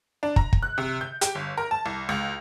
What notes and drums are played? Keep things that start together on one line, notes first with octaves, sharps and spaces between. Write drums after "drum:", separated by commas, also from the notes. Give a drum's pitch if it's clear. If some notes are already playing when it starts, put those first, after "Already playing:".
D4
A#5, drum: kick
drum: kick
F#6
C3
G6
G4, drum: hi-hat
G1
A#4
A5
C2
C#2